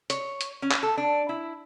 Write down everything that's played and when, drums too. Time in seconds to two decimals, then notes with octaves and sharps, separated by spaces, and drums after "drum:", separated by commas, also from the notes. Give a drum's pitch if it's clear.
0.10 C#5, drum: hi-hat
0.41 drum: hi-hat
0.62 C#4
0.71 drum: clap
0.83 A4
0.97 D4
1.29 E4